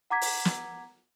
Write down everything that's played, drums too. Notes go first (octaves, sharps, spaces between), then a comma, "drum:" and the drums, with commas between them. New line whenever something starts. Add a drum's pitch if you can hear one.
F#5 A#5 D6 G#6 B6
drum: open hi-hat
drum: snare